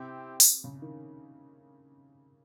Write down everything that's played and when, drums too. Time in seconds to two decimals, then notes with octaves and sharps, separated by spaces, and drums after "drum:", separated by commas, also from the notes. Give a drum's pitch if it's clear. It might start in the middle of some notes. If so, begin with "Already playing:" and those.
Already playing: C3 C4 E4 G4
0.40 drum: open hi-hat
0.64 C#3
0.82 D#3